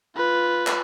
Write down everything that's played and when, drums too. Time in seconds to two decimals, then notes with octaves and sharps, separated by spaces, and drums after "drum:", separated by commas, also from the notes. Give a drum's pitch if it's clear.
0.16 F4 B4
0.67 drum: clap